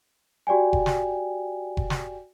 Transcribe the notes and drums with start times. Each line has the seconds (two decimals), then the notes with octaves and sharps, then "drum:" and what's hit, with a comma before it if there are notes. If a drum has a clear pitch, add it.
0.47 F#4 G4 D5 G5 G#5
0.73 drum: kick F1
0.86 drum: snare
1.77 drum: kick F1
1.90 drum: snare